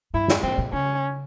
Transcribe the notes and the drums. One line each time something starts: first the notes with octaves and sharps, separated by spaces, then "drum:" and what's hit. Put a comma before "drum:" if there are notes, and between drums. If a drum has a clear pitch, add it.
G2 E4
drum: snare
G#2 C4
A#2
C#3 C#4